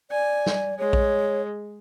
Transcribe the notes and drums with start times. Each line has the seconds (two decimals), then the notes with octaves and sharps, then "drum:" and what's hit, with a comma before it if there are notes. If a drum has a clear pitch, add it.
0.11 D5 G#5
0.46 drum: snare
0.79 G#3 C#5
0.93 drum: kick A#1